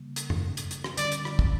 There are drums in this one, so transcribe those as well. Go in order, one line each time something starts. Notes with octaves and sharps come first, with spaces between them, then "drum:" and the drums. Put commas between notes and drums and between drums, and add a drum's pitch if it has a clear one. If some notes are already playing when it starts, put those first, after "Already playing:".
Already playing: C#3 G3 A#3
drum: hi-hat
drum: tom F#2
drum: hi-hat
drum: hi-hat
drum: rim click
D3 G3 C#4 D5, drum: hi-hat
drum: hi-hat
drum: rim click
drum: kick